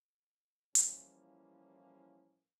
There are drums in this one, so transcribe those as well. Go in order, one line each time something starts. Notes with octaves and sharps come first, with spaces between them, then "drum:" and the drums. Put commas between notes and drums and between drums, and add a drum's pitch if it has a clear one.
A2 E3 F3 G3 A#3 C#4, drum: hi-hat